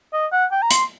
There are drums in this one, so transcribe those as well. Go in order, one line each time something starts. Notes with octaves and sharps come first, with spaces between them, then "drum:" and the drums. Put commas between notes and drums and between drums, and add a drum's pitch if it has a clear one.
D#5
F#5
G5
A#5
C6, drum: hi-hat